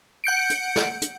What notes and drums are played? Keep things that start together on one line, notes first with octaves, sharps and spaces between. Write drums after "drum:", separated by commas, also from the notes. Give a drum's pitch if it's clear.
F#5 G6 C#7 D7
drum: hi-hat
drum: snare
drum: hi-hat